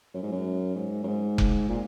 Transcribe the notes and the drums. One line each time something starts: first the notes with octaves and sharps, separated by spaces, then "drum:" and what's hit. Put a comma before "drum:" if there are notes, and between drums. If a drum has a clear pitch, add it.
F#2
G#2
F#2
G#2
F#2
G#2
drum: kick F1
A#2